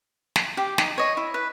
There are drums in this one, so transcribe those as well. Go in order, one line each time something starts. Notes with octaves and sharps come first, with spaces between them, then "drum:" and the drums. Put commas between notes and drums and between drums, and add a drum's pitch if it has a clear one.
drum: snare
G4
D#4, drum: snare
C#5 D#5
E4
B4